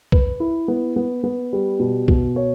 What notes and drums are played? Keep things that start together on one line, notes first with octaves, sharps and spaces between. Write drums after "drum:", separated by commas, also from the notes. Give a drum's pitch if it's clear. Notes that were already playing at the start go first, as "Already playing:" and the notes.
B4, drum: kick B1
E4
B3
B3
B3
G3
B2
B2, drum: kick B1
C#5